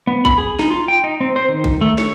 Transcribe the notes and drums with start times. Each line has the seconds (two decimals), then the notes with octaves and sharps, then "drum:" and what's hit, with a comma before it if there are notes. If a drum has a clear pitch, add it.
0.07 B3
0.25 B5, drum: kick A#1
0.38 G#4
0.59 D#4, drum: snare
0.70 F4
0.88 G5
1.04 D#4
1.21 C4
1.36 C5
1.49 D#3
1.64 drum: kick A#1
1.81 A3
1.98 C#5, drum: snare